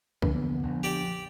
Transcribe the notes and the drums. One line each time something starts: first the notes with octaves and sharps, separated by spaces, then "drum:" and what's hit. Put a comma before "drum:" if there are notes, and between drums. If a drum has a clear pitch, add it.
F2 D3 E3 A#3 B3, drum: kick
A#1
G4 D5 G5